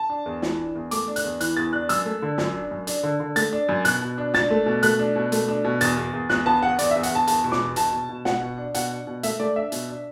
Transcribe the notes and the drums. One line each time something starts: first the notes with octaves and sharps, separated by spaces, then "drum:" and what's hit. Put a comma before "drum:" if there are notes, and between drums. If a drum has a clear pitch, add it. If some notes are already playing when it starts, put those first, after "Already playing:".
Already playing: A5
D4
E2
E3, drum: snare
D4
E2
A3 D6, drum: hi-hat
D4
F#6, drum: hi-hat
E2
E3 F#6, drum: hi-hat
E2 A6
D4 F#6
F#2 E6, drum: hi-hat
A3
D3
F#2, drum: snare
D4
F#2
D4, drum: hi-hat
D3
D3
A3 A6, drum: hi-hat
D4
F#2
B2 F#6, drum: hi-hat
B2
D4
D4 A6, drum: snare
A3
B2
A3 F#6, drum: hi-hat
D4
B2
A3, drum: hi-hat
D4
B2
E2 A6, drum: hi-hat
E2
E2
E2 F#6, drum: snare
B3 A5
E2 F#5
E2 D5, drum: hi-hat
E5
E2
F#5, drum: hi-hat
E2 A5
E2 A5, drum: hi-hat
B2
D6, drum: snare
E2
B2 A5, drum: hi-hat
B2
B2
B2 F#5, drum: snare
B2
D4
B2 F#5, drum: hi-hat
D4
B2
A3 E5, drum: hi-hat
A3 D5
D4 E5
B2, drum: hi-hat
D4